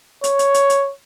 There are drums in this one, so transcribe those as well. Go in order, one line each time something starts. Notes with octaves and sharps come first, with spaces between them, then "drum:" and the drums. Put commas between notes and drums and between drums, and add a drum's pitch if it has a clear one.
C#5, drum: hi-hat
drum: hi-hat
drum: hi-hat
drum: hi-hat